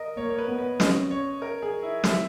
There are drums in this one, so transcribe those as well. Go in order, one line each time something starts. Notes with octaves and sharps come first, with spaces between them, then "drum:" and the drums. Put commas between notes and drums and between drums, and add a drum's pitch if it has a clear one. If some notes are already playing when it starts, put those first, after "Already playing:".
Already playing: A#4 D#5
A#3 C#5
C#5
B4
B3
B4
C#4 D#5, drum: snare
C#5
A#4
G#4
E4
E4, drum: snare